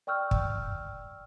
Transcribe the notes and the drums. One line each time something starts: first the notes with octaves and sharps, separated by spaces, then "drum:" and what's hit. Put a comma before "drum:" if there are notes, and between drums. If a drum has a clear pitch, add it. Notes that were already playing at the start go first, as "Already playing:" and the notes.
D5 G5 C#6 E6 F6 G6
drum: kick